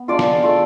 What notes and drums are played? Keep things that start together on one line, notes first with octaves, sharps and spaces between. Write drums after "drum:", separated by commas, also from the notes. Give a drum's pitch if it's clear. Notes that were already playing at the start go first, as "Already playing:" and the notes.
Already playing: B3
G#3 D4 F4 D5
drum: snare
A3 F4